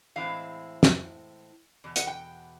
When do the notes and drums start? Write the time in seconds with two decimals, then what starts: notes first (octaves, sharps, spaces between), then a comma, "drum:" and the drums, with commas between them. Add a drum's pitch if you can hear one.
0.16 A2 E3 G#3 C4 E4 F5
0.83 drum: snare
1.84 E2 B2
1.96 F#5, drum: hi-hat
2.07 G5